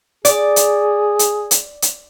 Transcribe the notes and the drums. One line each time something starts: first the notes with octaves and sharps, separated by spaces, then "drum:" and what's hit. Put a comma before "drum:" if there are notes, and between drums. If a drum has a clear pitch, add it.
G#4 D5, drum: hi-hat
drum: hi-hat
drum: hi-hat
drum: hi-hat
drum: hi-hat